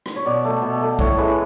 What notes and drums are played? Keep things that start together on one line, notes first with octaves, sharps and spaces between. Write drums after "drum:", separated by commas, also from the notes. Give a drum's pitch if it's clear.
drum: rim click
C#5
B2 D5
A3
B2
A3
A2 C#5, drum: kick B1
E3 G#3 B4